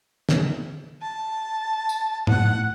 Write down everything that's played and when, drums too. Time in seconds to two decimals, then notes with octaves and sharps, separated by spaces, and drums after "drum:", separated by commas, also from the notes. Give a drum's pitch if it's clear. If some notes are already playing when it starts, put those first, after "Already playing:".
0.29 drum: snare
1.02 A5
1.89 drum: tambourine
2.27 A2 F#5, drum: tom